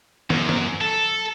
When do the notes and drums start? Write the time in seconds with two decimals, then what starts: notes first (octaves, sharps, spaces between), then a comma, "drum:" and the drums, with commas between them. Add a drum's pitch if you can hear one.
0.30 F#2, drum: snare
0.49 drum: snare
0.81 A4